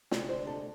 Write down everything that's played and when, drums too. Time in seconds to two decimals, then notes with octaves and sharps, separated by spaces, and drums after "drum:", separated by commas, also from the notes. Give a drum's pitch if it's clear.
0.11 D2 C3 G#3 D4 C5, drum: snare
0.29 C5
0.47 A4